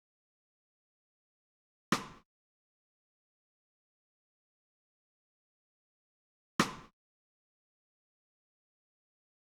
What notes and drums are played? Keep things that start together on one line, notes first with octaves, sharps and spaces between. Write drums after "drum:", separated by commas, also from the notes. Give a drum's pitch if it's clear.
G1 E3 C#4 G5
drum: rim click
F1 D4
A4 F5 D6
A#4
E2
C5 A5
drum: rim click
G#5
G5
E4
D#5
G4
B5
G#5
B5
G#4
D5
A#4
E5